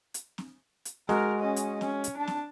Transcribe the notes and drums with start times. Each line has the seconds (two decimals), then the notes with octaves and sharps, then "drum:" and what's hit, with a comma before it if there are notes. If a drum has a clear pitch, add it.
0.14 drum: hi-hat
0.38 drum: snare C4
0.85 drum: hi-hat
1.09 G#3 F#4 A#4, drum: snare C4
1.41 C#4 D#5
1.56 drum: hi-hat
1.81 C#4, drum: snare C4
2.04 drum: hi-hat
2.17 D4 A5
2.27 drum: snare C4